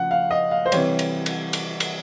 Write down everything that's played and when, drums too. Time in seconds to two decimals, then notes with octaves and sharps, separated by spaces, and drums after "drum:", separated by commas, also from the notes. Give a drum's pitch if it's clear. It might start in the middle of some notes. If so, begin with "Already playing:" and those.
Already playing: C#3 F3 F#5
0.11 F5
0.31 D#5
0.51 F5
0.66 C5
0.72 C3 E3 G3 C#5, drum: cymbal
0.99 drum: cymbal
1.26 drum: cymbal
1.53 drum: cymbal
1.80 drum: cymbal